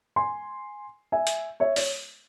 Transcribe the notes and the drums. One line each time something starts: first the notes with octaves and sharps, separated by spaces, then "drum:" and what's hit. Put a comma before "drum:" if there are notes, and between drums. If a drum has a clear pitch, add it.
G#5 C6
E5 G#5
drum: hi-hat
C#5 E5
C#5, drum: open hi-hat